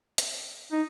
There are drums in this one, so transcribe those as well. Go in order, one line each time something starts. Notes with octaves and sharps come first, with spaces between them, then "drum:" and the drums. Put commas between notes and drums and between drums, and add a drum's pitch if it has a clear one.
drum: hi-hat
D#4